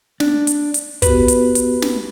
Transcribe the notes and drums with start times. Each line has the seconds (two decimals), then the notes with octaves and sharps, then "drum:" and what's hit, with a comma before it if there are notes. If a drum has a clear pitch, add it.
0.20 D4, drum: snare
0.47 drum: hi-hat
0.74 drum: hi-hat
1.02 B3 F#4 G4 B4, drum: kick, hi-hat
1.28 drum: hi-hat
1.55 drum: hi-hat
1.82 drum: snare